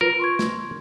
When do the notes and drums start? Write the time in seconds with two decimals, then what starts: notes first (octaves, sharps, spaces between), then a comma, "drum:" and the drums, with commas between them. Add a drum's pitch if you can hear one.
0.01 F4 A#4 B4
0.20 C6 C#6 G#6
0.39 drum: snare